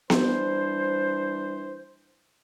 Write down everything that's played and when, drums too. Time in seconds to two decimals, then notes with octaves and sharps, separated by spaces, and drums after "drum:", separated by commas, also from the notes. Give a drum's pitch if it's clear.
0.10 E3 G3 D4 C5, drum: snare B3